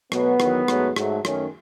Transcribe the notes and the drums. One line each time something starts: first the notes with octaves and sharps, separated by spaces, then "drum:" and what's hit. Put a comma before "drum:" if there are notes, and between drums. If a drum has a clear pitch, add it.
B2 F#3 A3 B3, drum: rim click
E2 D#3 F#3, drum: rim click
G#2 F#3 A3, drum: rim click
G#2 F#3 A3, drum: rim click
F#2 D#3 A3 C#4, drum: rim click